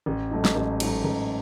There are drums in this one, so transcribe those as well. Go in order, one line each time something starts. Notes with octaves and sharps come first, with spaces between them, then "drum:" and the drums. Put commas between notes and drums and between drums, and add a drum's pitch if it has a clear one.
A1
G#2 F#3 A3 D#4
drum: snare
A1
G#2 F#3 A3 D#4, drum: cymbal
A1